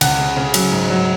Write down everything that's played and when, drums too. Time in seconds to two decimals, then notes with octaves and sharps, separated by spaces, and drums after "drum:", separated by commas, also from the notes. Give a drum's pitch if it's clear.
0.01 C#2 F#5, drum: cymbal
0.19 C#3
0.37 C#3
0.54 F#3, drum: cymbal
0.72 G#2
0.90 F#3